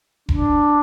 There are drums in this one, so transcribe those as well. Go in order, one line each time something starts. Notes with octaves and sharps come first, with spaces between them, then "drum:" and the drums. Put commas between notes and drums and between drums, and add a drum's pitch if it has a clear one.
D4, drum: kick E1